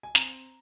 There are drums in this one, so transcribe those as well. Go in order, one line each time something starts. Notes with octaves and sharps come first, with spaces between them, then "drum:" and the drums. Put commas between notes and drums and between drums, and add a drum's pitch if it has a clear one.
G#5
C4 A#5, drum: snare